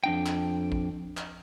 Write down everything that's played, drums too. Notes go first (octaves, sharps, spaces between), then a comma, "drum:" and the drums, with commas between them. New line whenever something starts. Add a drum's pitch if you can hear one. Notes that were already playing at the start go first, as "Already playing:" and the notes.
F2 D4 G5
drum: clap
drum: kick A1
drum: clap